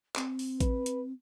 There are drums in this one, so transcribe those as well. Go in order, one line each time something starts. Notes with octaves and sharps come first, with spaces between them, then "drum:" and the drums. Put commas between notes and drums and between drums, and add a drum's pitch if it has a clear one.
C4, drum: clap
drum: open hi-hat
B4, drum: kick A1, hi-hat
drum: hi-hat